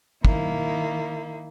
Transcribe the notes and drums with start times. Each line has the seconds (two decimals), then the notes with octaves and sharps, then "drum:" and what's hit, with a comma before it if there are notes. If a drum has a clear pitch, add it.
0.25 D#3 A#3 E4, drum: kick